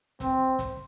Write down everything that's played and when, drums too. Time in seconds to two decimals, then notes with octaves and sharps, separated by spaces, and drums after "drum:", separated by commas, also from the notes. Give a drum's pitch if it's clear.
0.20 C4, drum: kick, hi-hat
0.59 drum: kick, hi-hat